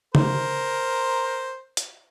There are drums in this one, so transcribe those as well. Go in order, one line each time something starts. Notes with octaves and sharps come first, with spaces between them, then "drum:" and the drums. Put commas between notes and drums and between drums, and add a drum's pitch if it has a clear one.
A#4 C5, drum: tom C#3
drum: hi-hat